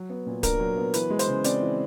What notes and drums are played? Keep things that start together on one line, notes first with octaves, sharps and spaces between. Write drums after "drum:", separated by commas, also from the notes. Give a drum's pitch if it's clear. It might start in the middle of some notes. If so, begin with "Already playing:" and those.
Already playing: F#3
B3
A#2
D4 A#4, drum: kick D1, hi-hat
F#3
B3
E3 B4, drum: hi-hat
G#3
C5, drum: hi-hat
C#3
C4 D5, drum: hi-hat
E3